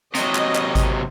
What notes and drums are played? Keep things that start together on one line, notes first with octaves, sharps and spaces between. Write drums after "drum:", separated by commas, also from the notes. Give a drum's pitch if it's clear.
C3 F#3 D#5, drum: hi-hat
drum: clap
drum: clap
drum: kick G#1, hi-hat